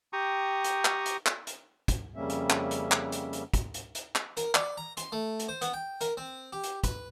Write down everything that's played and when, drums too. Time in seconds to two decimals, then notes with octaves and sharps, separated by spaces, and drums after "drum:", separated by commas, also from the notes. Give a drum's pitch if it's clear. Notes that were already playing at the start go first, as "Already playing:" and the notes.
0.13 G4 G5 A#5 C#6 D#6
0.64 drum: hi-hat
0.85 drum: clap
1.06 drum: hi-hat
1.26 drum: clap
1.47 drum: hi-hat
1.88 drum: kick, hi-hat
2.15 F2 C#3 G3 A#3 C#4 E5
2.30 drum: hi-hat
2.50 drum: clap
2.71 drum: hi-hat
2.92 drum: clap
3.12 drum: hi-hat
3.33 drum: hi-hat
3.54 drum: kick, hi-hat
3.74 drum: hi-hat
3.95 drum: hi-hat
4.15 drum: clap
4.37 A#4, drum: hi-hat
4.55 D5, drum: clap
4.77 A#5
4.97 C6, drum: hi-hat
5.12 A3
5.39 drum: hi-hat
5.49 C5
5.62 B3, drum: hi-hat
5.73 G5
6.01 A#4, drum: hi-hat
6.17 C4
6.53 G4
6.63 drum: hi-hat
6.84 B4, drum: kick, hi-hat